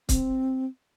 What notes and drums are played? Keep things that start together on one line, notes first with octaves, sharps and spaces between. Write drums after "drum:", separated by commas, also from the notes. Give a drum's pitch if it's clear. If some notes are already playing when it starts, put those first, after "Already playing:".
C4, drum: kick C#1, hi-hat